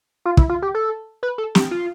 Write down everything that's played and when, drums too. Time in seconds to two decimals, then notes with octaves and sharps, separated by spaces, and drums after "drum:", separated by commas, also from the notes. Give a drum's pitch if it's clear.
0.25 F4
0.37 E4, drum: kick
0.49 F4
0.62 G4
0.75 A4
1.23 B4
1.38 A4
1.55 G4, drum: snare
1.71 F4